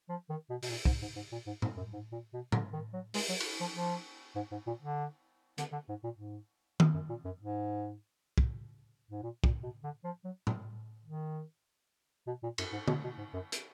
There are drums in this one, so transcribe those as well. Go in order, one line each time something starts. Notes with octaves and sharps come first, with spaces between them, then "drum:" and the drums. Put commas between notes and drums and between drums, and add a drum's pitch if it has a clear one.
F3
D#3
B2
B2, drum: open hi-hat
A#2
G#2, drum: kick
G#2
G#2
A#2
G#2
G#2, drum: tom A2
F#2
G#2
A#2
B2
D3, drum: tom A2
D#3
F#3
G#3, drum: open hi-hat
F#3
drum: cymbal
F3
F3
G#2
G#2
A#2
D3
D3, drum: hi-hat
D3
G#2
A#2
G#2
A#2, drum: tom D#3
F#2
A#2
F#2
G#2
drum: kick
G#2
A#2
A#2, drum: kick
B2
D3
F3
F#3
drum: tom A2
D#3
B2
A#2
F#2, drum: cymbal
G#2
B2, drum: tom D3
B2
G#2
F#2
drum: hi-hat